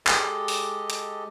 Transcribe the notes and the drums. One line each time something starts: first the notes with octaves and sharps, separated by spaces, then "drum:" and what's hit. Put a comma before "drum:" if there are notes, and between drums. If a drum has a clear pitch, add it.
G#3 G4 A4 D#5, drum: clap
drum: open hi-hat
drum: hi-hat